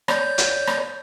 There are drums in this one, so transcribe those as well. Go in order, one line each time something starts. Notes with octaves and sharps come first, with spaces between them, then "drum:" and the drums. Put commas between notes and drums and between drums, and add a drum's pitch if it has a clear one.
C#5 D5 G6, drum: rim click
drum: hi-hat
drum: rim click